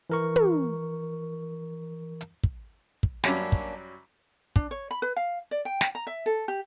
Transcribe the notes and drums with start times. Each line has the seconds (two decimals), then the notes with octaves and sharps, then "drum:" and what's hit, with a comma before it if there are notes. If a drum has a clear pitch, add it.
0.10 E3 A#4 C#6
0.36 drum: tom
2.21 drum: hi-hat
2.44 drum: kick
3.03 drum: kick
3.24 F#2 F#3 G3 A#3 C#4 D4, drum: snare
3.52 drum: kick
4.56 D4, drum: kick
4.71 C#5
4.91 B5
5.02 B4
5.16 F5
5.51 D5
5.65 G5
5.81 drum: snare
5.95 A#5
6.07 E5
6.26 A4
6.48 G4